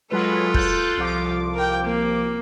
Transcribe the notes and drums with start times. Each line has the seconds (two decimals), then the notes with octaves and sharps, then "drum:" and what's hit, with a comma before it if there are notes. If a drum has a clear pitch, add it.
0.11 F#3 G#3 F4 A4 B4
0.54 F#6 G6 A6, drum: kick
0.97 C2 F3 D6
1.54 A#4 G5
1.83 A#3